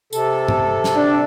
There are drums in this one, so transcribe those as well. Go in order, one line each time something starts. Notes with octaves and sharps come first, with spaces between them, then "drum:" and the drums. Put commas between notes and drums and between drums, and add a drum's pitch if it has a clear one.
C3 A4, drum: tambourine
drum: tom G2
drum: snare
D4